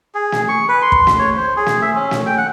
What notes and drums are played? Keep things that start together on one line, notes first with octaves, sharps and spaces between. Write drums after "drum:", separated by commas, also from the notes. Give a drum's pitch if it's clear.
G#4
drum: snare
C#6
B4
C6
drum: kick
drum: snare
C#5
C5
G#4
drum: snare
E5
C#4
drum: snare
G5
F#5